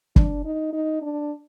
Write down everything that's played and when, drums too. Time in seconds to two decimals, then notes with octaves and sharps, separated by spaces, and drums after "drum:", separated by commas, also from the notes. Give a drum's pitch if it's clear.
0.16 D4, drum: kick
0.45 D#4
0.73 D#4
1.02 D4